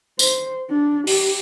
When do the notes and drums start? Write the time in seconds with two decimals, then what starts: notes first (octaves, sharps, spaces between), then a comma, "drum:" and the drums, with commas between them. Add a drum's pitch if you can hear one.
0.19 C5, drum: tambourine
0.69 D4
1.07 G4, drum: open hi-hat